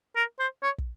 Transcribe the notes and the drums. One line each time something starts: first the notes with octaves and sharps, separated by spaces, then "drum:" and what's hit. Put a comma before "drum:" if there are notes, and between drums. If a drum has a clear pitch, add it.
A#4
C5
C#5
drum: kick